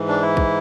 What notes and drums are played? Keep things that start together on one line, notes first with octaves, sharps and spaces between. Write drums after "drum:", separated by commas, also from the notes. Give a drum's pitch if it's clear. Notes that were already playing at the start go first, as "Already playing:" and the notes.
Already playing: G#2 E3
D4
E4
drum: kick